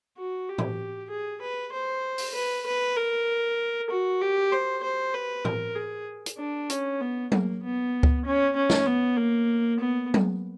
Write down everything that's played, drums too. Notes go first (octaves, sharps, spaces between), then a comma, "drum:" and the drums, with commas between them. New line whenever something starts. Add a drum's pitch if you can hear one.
F#4
G4
drum: tom A2
G#4
B4
C5
drum: open hi-hat
B4
B4
A#4
F#4
G4
C5
C5
B4
A#4, drum: tom A2
G#4
drum: hi-hat
D4
C#4, drum: hi-hat
B3
A#3, drum: tom F#3
B3
drum: kick C#2
C#4
C#4
drum: snare
B3
A#3
B3
drum: tom F#3